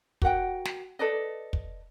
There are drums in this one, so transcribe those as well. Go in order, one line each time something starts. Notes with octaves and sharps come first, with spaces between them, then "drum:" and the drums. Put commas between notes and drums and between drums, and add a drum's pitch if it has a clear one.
F#4 A#4 F#5 G5, drum: kick
drum: snare
A4 B4 D5 D#5
drum: kick